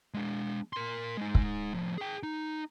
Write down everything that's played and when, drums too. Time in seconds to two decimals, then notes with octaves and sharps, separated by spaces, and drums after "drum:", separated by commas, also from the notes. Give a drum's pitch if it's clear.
0.14 G#3 D4
0.73 A#4 C6
1.17 G#3 D#4
1.35 drum: kick
1.74 A2 F3
1.98 G#4 G5
2.23 D#4